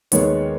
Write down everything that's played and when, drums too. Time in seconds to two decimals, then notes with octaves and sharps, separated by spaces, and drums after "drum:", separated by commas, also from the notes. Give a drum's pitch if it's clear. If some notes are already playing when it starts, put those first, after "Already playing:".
0.12 D#2 D#3 G#3 B3 C#5, drum: hi-hat